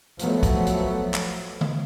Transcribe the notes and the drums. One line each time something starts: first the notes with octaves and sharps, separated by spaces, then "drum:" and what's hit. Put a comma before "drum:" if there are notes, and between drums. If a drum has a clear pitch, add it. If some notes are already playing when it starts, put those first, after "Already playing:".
F3 F#3 A3 B3, drum: hi-hat
drum: kick, hi-hat
drum: hi-hat
drum: clap
drum: tom D3